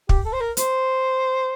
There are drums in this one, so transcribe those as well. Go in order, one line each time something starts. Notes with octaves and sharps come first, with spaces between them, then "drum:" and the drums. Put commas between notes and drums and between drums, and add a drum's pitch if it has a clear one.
G4, drum: kick
A4
C5
A#4
C5, drum: hi-hat